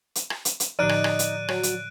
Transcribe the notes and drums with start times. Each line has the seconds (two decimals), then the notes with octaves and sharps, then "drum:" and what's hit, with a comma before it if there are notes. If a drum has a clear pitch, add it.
0.15 drum: hi-hat
0.30 drum: rim click
0.45 drum: hi-hat
0.60 drum: hi-hat
0.79 A2 D3 F3 D#4 D5 F#6 D7 D#7
0.89 drum: rim click
1.04 drum: rim click
1.19 drum: hi-hat
1.48 F#3, drum: rim click
1.63 drum: hi-hat